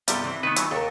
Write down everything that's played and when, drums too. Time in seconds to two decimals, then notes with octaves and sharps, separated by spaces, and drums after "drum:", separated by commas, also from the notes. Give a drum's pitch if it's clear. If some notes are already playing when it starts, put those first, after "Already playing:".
0.08 G2 C3 G3 B3 G4 A4, drum: hi-hat
0.24 E3 C4
0.43 D#3 A3 B3 B4
0.56 E3 F#3, drum: hi-hat
0.71 D#2 A4 A#4